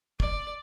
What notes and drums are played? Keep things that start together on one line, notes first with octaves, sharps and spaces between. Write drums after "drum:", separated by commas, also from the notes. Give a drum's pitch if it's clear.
D5, drum: kick